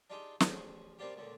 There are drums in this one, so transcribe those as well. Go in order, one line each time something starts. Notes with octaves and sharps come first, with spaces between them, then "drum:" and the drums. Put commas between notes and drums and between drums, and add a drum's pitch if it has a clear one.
D4 D#4 F4 G4 G#4
A1 D2 F3 C#4 G#4, drum: snare
G3 A#3 C4 D4 F4 G4
C#2 A#2 D3